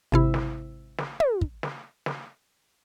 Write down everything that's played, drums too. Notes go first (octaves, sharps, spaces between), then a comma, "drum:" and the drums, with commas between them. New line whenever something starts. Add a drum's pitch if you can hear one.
G#1 C3 E4
drum: snare
drum: snare
drum: tom
drum: kick
drum: snare
drum: snare